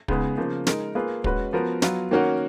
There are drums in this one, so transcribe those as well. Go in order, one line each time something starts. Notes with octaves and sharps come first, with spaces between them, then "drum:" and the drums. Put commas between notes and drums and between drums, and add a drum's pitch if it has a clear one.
C#3 G#3 B3 D#4 G#4, drum: kick
C#3 F3 A#3
G#3 D#4 A#4, drum: snare
A#3 F4 G#4 B4
G#3 C#4 F#4 B4, drum: kick
F3 B3 F#4 A#4
F#3 B3 F4, drum: snare
D#3 A#3 C#4 F#4 A#4